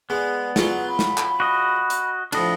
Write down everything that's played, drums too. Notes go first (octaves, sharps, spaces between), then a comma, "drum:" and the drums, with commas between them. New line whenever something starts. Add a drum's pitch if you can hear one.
G#3 B3 D5
F#3 F4 G#4, drum: snare
B5
drum: snare
drum: clap
F#4 D#5
drum: hi-hat
A2 F3 D4 D#5 B5, drum: cymbal